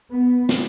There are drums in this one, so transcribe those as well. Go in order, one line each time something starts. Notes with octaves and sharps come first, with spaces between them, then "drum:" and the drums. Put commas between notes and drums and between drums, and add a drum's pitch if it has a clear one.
B3
drum: snare